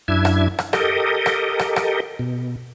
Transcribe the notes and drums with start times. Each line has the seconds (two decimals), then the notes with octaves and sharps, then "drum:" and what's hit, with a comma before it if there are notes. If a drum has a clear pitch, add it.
0.08 F#2 D4 E4 E5 G#6
0.25 drum: rim click
0.59 drum: rim click
0.73 G4 A4 A#4 D#5, drum: rim click
1.26 drum: rim click
1.59 drum: rim click
1.76 drum: rim click
2.19 B2